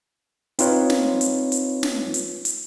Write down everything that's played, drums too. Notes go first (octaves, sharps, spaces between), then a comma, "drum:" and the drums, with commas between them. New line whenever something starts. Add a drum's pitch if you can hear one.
C4 D#4 F4 B4 C#5, drum: hi-hat
drum: snare
drum: hi-hat
drum: hi-hat
drum: snare
drum: hi-hat
drum: hi-hat